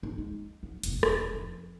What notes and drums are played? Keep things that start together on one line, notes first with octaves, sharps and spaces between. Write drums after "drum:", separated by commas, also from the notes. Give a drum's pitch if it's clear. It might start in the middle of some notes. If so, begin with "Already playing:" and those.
D#3 D#4
G#3
F#3
F1 B2, drum: hi-hat
E1, drum: rim click
F2